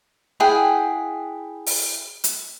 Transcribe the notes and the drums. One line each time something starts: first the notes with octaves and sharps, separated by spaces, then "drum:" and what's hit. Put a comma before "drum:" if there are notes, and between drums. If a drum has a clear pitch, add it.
E4 G#4 F#5 G5
drum: open hi-hat
drum: hi-hat